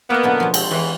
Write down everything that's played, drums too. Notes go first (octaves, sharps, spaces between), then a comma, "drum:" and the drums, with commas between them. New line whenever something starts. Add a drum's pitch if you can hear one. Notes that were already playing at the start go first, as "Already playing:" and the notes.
A#3 B3 B4 D#5
F#2 B2 D3
B2 F3
G#3 C4, drum: cymbal
E2 E3